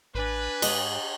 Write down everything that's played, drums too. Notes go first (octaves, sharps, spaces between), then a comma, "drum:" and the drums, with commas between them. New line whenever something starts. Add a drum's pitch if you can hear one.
A1 D4 B4 G#5
G#2 D#5, drum: cymbal